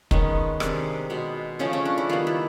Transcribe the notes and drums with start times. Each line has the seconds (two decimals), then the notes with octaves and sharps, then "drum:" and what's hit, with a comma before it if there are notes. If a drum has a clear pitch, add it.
0.11 D#3 G#3 B3 C#4, drum: kick
0.60 C3 D#3 G#3 D4, drum: rim click
1.10 B2 G#3 B3
1.59 C#3 F3 A3 C#4
1.73 C#4
1.85 D4
1.98 E4
2.09 D#3 G3 B3 F4
2.27 E4